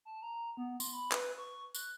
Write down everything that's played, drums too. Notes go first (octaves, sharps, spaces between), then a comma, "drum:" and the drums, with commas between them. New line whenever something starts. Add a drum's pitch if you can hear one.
A5
A#5
B3
C6, drum: tambourine
B5
B4, drum: clap
C#6
F#6, drum: tambourine